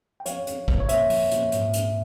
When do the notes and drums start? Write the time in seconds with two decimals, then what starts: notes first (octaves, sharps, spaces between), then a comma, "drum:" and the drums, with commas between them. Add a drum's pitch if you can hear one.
0.20 G5
0.26 F3 C#5 F5, drum: hi-hat
0.47 C4, drum: hi-hat
0.68 A#2, drum: kick
0.80 C#5
0.89 A#2 C5 E5, drum: hi-hat
1.10 F3, drum: open hi-hat
1.31 A#2, drum: hi-hat
1.52 G#2, drum: hi-hat
1.73 C4, drum: hi-hat